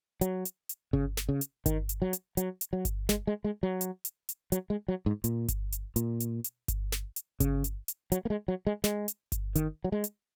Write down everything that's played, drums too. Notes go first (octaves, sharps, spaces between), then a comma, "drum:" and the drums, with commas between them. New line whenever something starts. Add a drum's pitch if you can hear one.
F#3, drum: hi-hat
drum: hi-hat
drum: hi-hat
C#3, drum: kick G1
drum: snare
C#3
drum: hi-hat
D#3, drum: kick G1, hi-hat
drum: hi-hat
F#3
drum: hi-hat
F#3, drum: hi-hat
drum: hi-hat
F#3
drum: kick G1, hi-hat
G#3, drum: snare
G#3
G#3
F#3
drum: hi-hat
drum: hi-hat
drum: hi-hat
F#3, drum: hi-hat
G#3
F#3
G#2
A#2, drum: hi-hat
drum: kick G1, hi-hat
drum: hi-hat
A#2, drum: hi-hat
drum: hi-hat
drum: hi-hat
drum: kick G1, hi-hat
drum: snare
drum: hi-hat
C#3, drum: kick G1, hi-hat
drum: hi-hat
drum: hi-hat
F#3, drum: hi-hat
A#3
G#3
F#3
G#3
G#3, drum: snare
drum: hi-hat
drum: kick G1, hi-hat
D#3, drum: hi-hat
F#3
G#3
drum: hi-hat